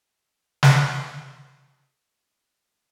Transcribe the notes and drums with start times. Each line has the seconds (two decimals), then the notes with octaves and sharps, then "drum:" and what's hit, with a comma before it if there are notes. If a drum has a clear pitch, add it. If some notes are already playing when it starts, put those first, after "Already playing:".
0.25 B3 G4 C#5
0.63 drum: snare
0.95 C3 F#3 G#3 C4
1.92 D5
2.22 C5